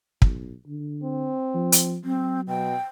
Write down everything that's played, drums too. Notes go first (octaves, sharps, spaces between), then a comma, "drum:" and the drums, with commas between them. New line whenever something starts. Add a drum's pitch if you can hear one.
B1, drum: kick
D3
C4
F3
drum: hi-hat
F#3 C4
B2 G5